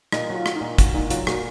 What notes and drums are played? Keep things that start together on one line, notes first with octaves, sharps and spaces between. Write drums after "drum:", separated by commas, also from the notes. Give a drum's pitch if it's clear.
A#2 D#4, drum: rim click
F#3 F4
F#4, drum: rim click
D#4
A#2
F#4, drum: kick, hi-hat
A#2 D#4
F#3 F4, drum: hi-hat
A#2 F#4, drum: rim click